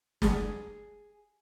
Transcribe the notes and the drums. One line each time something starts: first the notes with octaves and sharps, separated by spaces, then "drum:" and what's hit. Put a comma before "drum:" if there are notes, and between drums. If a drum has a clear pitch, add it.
G#4, drum: snare